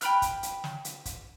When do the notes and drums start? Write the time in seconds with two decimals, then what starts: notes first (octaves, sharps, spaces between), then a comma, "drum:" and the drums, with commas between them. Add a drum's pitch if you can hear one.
0.01 G5 B5 F6 F#6, drum: hi-hat
0.22 drum: kick, hi-hat
0.43 drum: hi-hat
0.64 drum: snare
0.85 drum: hi-hat
1.05 drum: kick, hi-hat